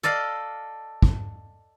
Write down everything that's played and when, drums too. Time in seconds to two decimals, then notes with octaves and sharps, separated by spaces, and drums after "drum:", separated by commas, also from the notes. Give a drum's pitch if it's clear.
0.03 A4 D5 D#5 F5
1.02 drum: kick